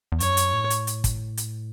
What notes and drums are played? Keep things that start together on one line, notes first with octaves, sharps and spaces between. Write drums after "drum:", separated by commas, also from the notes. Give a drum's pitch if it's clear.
E2
F#2 C#5, drum: hi-hat
drum: hi-hat
A2
drum: hi-hat
drum: hi-hat
drum: kick, hi-hat
drum: hi-hat